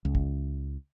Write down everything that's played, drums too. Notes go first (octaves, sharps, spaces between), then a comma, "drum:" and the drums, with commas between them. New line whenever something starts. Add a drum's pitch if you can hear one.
C#2
drum: kick